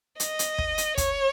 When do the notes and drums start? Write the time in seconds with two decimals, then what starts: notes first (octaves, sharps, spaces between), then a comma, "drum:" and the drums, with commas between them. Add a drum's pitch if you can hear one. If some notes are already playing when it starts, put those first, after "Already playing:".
0.20 D#5, drum: hi-hat
0.39 drum: hi-hat
0.58 drum: kick
0.78 drum: hi-hat
0.97 C#5, drum: kick, hi-hat